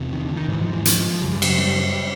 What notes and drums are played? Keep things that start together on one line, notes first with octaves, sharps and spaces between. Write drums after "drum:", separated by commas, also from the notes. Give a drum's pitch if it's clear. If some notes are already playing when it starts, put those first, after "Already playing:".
Already playing: E2 C3
D#3
D3
D#3
G#2 E3
F3
E3
F3, drum: hi-hat
F#2 C#3 F#3
G3
F#3, drum: cymbal
G3